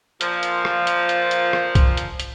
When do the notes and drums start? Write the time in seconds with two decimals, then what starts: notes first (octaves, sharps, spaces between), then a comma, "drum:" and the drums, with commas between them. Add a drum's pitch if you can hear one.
0.21 A#2 F3, drum: hi-hat
0.43 drum: hi-hat
0.65 drum: rim click
0.87 drum: hi-hat
1.09 drum: hi-hat
1.31 drum: hi-hat
1.53 drum: rim click
1.75 drum: kick, hi-hat
1.97 drum: hi-hat
2.20 drum: hi-hat